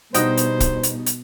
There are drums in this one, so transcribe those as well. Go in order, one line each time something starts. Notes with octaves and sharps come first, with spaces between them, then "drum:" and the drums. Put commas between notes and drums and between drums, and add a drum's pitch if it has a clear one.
B2 G3 D4 D#4 F#4 C5 D#5 G5, drum: hi-hat
drum: hi-hat
drum: kick, hi-hat
drum: hi-hat
drum: hi-hat